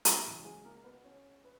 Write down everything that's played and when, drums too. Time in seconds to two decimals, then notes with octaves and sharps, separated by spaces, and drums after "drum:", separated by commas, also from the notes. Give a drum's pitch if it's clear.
0.05 drum: hi-hat
0.24 C#2 B2 E3 F#3 E4
0.44 G#3 G#4
0.64 A#3 A#4
0.84 B3 B4
1.04 C#4 C#5
1.44 B4